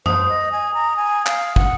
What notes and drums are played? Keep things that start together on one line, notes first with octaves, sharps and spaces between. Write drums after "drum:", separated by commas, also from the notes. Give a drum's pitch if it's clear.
C5 D#6, drum: tom F#2
D#5
G#5
A#5
G#5
F5, drum: clap
F#5, drum: kick